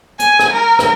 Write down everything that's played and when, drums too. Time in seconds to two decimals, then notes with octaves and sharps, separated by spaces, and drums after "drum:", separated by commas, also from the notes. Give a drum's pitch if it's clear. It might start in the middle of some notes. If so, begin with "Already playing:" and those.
0.19 G#5, drum: hi-hat
0.39 drum: rim click
0.53 A#4
0.79 drum: rim click